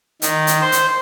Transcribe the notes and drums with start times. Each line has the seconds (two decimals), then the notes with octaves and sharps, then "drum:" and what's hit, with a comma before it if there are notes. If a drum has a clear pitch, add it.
0.22 D#3, drum: hi-hat
0.47 drum: hi-hat
0.62 C5
0.72 drum: hi-hat